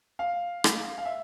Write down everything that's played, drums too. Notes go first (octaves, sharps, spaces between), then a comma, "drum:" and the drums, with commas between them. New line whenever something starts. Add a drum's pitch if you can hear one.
F5
drum: rim click
F5
E5